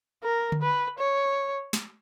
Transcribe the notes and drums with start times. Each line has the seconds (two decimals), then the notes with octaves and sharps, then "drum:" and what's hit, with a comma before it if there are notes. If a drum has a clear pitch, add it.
0.24 A#4
0.52 drum: tom D3
0.61 B4
0.99 C#5
1.73 drum: snare